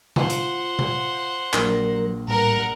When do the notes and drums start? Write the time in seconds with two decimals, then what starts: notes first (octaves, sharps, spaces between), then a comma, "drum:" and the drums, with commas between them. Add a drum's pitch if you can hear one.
0.16 F4 C5 F#5, drum: tom C3
0.30 drum: hi-hat
0.79 drum: tom C3
1.53 A#1 F#3 A#4, drum: clap
2.28 A2 G3 A#4 F#5